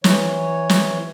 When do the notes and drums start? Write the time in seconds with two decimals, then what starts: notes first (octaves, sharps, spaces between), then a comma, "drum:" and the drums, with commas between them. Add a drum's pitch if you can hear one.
0.04 E3 C#5, drum: snare
0.69 drum: snare